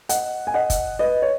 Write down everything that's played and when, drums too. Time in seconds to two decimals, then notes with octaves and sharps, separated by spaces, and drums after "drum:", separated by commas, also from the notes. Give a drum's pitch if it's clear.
0.09 D#5 F#5, drum: hi-hat
0.47 G#5
0.54 D#5 F#5
0.70 drum: kick, hi-hat
0.99 B4 D#5
1.22 C#5